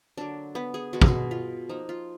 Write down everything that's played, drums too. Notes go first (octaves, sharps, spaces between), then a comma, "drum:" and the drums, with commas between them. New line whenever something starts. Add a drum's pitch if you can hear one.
D3 F#3 A#3 D4
B3
G#4
B2 G#3 B3 F#4
G#4, drum: kick
F#4
F4
F3 A#3 D#4
F4